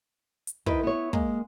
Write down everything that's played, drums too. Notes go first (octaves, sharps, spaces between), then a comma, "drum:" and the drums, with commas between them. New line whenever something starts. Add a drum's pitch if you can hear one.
drum: hi-hat
D#3 E4 B4 C5, drum: kick
B3 C#5
G#3 A#3, drum: kick